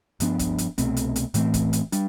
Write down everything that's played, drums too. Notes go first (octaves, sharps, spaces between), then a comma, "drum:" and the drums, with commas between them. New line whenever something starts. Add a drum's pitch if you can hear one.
G2 F3 B3 D4, drum: hi-hat
drum: kick, hi-hat
drum: hi-hat
C2 B2 A3 C4, drum: hi-hat
drum: hi-hat
drum: hi-hat
A2 E3 A3 C4, drum: hi-hat
drum: kick, hi-hat
drum: hi-hat
G3 D4, drum: hi-hat